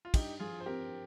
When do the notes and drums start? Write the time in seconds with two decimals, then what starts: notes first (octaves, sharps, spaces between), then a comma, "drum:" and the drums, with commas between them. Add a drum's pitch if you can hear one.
0.05 F4
0.14 G2 D#4 G4, drum: kick, cymbal
0.40 F3 F4 G#4
0.60 C5
0.66 C4 G4 A#4